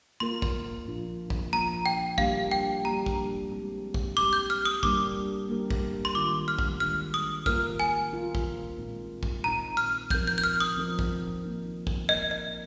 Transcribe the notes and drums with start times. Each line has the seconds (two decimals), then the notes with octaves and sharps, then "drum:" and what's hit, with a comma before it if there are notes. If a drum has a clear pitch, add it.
0.20 A#3 F4 A#4 C6
0.42 drum: kick
0.87 A#2 F3 A#3 D4 F4
1.30 drum: kick
1.52 A#2 F3 A#3 D4 F4 A#5
1.86 G5
2.18 G3 A#3 D4 G4 F5, drum: kick
2.51 G5
2.84 G3 A#3 D4 G4 A#5
3.06 drum: kick
3.51 G#3 C4 G4
3.94 drum: kick
4.17 G#3 C4 G4 D6
4.33 G6
4.50 F6
4.65 D#6
4.83 G3 A#3 D4 G4 A#4 D6, drum: kick
5.49 G3 A#3 D4 G4 A#4
5.70 drum: kick
6.05 C6
6.14 D#3 G#3 D4 F4 D6
6.48 F6
6.59 drum: kick
6.80 D#3 G#3 D4 F4 F6
7.14 D#6
7.46 A#3 F4 A#4 F6, drum: kick
7.80 G#5
8.13 A#3 F4 A#4
8.35 drum: kick
8.78 A#2 G#3 C4 D#4
9.23 drum: kick
9.44 A#2 G#3 C4 D#4 A#5
9.77 F6
10.10 F3 C4 D#4 A#4 G6, drum: kick
10.27 G6
10.38 G6
10.44 F6
10.60 D#6
10.77 F3 C4 D#4 A#4
10.99 drum: kick
11.43 A#3 D#4 A#4
11.87 drum: kick
12.09 A#3 D#4 A#4 D#5
12.31 D#5